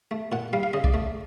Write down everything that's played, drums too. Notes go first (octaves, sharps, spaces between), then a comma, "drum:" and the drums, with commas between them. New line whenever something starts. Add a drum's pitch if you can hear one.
A3
A#2 F#5
G3 F5
F5
C#3 D#5
D5, drum: kick B1
A3